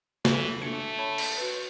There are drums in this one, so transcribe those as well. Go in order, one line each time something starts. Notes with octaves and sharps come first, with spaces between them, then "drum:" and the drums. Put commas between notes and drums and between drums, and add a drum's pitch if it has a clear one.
C#3 E3 A4, drum: snare
A3 D4 C#7
C#5 A5 B5
drum: cymbal
F#4 B4